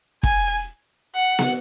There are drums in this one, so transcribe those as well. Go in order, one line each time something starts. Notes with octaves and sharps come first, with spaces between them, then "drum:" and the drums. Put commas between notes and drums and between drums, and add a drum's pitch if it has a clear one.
G#5, drum: kick
F#5
drum: snare